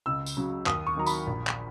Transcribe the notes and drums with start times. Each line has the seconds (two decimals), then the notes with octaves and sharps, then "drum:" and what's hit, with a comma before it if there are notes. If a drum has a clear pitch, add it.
0.06 C#2 E6
0.26 drum: tambourine
0.37 C#3 F#3
0.66 D#2 D#6, drum: clap
0.87 C#6
0.96 D#3 F#3 A#5
1.06 B5, drum: tambourine
1.27 A#1
1.47 drum: clap